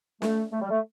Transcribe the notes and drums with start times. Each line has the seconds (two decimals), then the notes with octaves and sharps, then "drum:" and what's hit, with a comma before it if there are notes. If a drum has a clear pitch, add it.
0.22 A3, drum: snare
0.52 A3
0.62 G3
0.71 A3